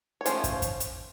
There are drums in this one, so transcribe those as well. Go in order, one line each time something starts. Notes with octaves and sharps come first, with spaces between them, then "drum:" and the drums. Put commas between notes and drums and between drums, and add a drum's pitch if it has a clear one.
C#5
F3 A3 C#4 C5, drum: hi-hat
drum: kick, hi-hat
drum: kick, hi-hat
drum: hi-hat